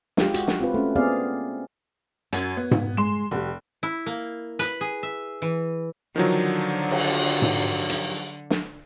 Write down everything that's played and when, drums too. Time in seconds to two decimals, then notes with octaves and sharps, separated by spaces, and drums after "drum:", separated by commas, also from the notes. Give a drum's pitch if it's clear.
0.17 G#3 F4 G4, drum: snare
0.34 F#4, drum: hi-hat
0.48 drum: snare
0.61 C4 F4 B4
0.74 A3 C#4
0.96 B3 C4 G#4 D5 F5
2.33 F#2 F#4 G#6, drum: hi-hat
2.57 B3
2.71 drum: tom G#2
2.97 G#3 C6 E7
3.31 F1 F#4 G4
3.83 E4
4.06 A#3
4.59 B4, drum: hi-hat
4.81 G#4
5.03 E5
5.42 E3
6.16 D3 D#3 F3 F#3
6.91 drum: cymbal
7.42 drum: tom G#2
7.89 drum: hi-hat
8.50 drum: snare